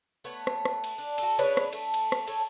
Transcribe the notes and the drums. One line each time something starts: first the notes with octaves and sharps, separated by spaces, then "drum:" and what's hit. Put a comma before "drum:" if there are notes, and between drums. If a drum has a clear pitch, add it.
A3 B3 C#5
drum: rim click
drum: rim click
drum: cymbal
D4
F#4 A4, drum: cymbal
C#3 D4 B4 C#5, drum: cymbal
drum: rim click
A3, drum: cymbal
drum: cymbal
drum: rim click
A4 C#5, drum: cymbal